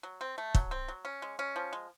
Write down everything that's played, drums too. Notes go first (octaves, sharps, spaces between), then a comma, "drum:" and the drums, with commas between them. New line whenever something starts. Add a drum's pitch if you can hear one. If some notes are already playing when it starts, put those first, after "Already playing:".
F#3
C4
A3
F#3, drum: kick
C4
F#3
C#4
G#3
C#4
F3
G#3